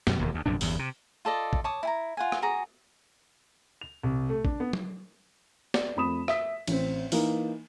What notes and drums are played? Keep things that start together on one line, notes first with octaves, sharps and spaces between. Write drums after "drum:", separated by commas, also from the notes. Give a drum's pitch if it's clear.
F#2 B2, drum: snare
E1 D#2
D2
A#1 F#2 C3 D4
G1 E2, drum: open hi-hat
C3
F4 A4 D5 D#5
drum: kick
C#5 A5 D6 D#6
E4 G#5 A#5
F4 F#5 G#5
drum: rim click
F#4 G#4 A#5
F7
C2
A3
D4, drum: kick
B3
drum: tom
D5, drum: snare
F2 A3 B5 D#6 E7
E5 D#6 B6, drum: rim click
A1 C4, drum: cymbal
E3 A#3 D#4, drum: open hi-hat